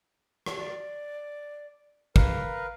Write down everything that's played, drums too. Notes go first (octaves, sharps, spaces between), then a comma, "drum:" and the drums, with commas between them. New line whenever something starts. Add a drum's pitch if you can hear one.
drum: rim click
D5
A#4 B4 F5, drum: kick